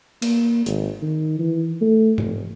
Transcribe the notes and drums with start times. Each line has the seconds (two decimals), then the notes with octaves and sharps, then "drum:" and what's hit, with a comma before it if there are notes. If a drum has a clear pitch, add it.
0.22 A#3, drum: cymbal
0.66 G#1, drum: hi-hat
1.02 D#3
1.39 E3
1.81 A3
2.18 F1, drum: tom G#2